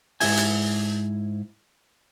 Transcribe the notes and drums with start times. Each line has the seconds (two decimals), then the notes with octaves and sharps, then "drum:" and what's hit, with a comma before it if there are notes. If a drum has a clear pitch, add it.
0.20 G#2 E3 E4 E5 G#5, drum: open hi-hat
0.37 drum: hi-hat